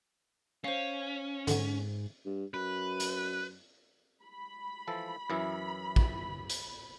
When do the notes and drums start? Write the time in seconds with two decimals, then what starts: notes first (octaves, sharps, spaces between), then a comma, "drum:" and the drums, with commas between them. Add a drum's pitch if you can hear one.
0.64 C#4 C5 F5
1.47 G#2 D3 F#3, drum: hi-hat
2.26 G2
2.54 F#2 B4
3.00 drum: hi-hat
4.24 B5
4.87 E3 F3 A4
5.30 F#2 E3 E4
5.96 drum: kick
6.50 drum: hi-hat